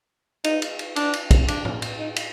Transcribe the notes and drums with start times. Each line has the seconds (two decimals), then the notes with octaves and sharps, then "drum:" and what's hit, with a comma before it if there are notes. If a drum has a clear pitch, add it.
0.44 D#4, drum: cymbal
0.62 drum: cymbal
0.79 drum: cymbal
0.96 D4, drum: cymbal
1.13 drum: cymbal
1.31 drum: kick, cymbal
1.48 D4, drum: cymbal
1.65 drum: tom A2
1.82 drum: cymbal
2.00 D#4
2.16 drum: cymbal